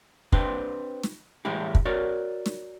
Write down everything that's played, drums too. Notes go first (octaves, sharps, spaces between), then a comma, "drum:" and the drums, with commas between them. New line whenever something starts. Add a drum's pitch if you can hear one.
C4 D4 G4 B4 C5, drum: kick
drum: snare
A2 E3 G3 G#3 E4 G4
drum: kick
F#4 A#4 C#5 D5
drum: snare